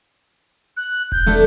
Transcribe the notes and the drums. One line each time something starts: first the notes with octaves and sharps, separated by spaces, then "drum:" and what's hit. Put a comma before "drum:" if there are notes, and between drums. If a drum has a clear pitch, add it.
F#6
G6, drum: kick E1
D3 A3 D4